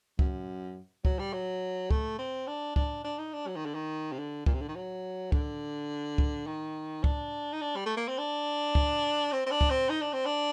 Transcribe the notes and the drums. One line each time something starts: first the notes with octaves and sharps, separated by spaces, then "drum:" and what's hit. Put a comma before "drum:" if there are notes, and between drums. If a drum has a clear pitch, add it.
F#2, drum: kick
F#3, drum: kick
G3
F#3
A3, drum: kick
C4
D4
D4, drum: kick
D4
D#4
D4
F#3
D#3
D3
D#3
C3
D3
A#2, drum: kick
C3
D3
D#3
F#3
D3, drum: kick
drum: kick
D#3
D4, drum: kick
D#4
D4
G3
A3
A#3
C4
D4
drum: kick
C4
C4
D4
drum: kick
C4
D#4
D4
C4
D4